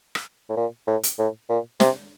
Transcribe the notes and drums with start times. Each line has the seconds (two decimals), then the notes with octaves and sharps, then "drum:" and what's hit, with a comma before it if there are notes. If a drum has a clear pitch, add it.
0.15 drum: rim click
0.49 A2
0.57 A#2
0.87 A2
1.03 drum: hi-hat
1.19 A2
1.49 A#2
1.80 C3, drum: snare